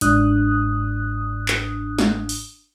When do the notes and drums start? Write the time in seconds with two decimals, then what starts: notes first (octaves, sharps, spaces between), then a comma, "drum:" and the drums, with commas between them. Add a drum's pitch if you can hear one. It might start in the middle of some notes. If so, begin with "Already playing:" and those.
0.01 G1 G#2 D4 D#6 F#6, drum: hi-hat
1.48 drum: clap
1.98 drum: snare
2.29 drum: open hi-hat